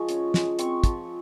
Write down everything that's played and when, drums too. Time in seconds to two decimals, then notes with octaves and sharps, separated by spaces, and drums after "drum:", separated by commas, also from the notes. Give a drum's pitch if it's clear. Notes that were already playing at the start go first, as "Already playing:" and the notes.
Already playing: F3 G#3 C#6
0.09 C#4, drum: hi-hat
0.34 G#3, drum: snare
0.59 C4 C#6, drum: hi-hat
0.84 F3, drum: kick, hi-hat